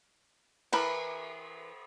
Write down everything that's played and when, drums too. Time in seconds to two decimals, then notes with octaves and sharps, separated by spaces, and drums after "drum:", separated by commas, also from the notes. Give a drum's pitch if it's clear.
0.72 E3 A#4 B4 A5 A#5, drum: cymbal